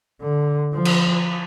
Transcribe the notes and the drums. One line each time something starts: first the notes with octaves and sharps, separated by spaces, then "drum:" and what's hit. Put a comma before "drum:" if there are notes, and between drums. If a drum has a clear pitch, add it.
D3
F3
drum: cymbal